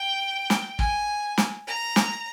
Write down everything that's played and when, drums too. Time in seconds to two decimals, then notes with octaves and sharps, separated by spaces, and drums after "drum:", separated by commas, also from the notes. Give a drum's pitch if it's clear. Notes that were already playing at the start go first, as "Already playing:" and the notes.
Already playing: G5
0.50 drum: snare
0.79 G#5, drum: kick
1.38 drum: snare
1.67 A#5
1.96 drum: snare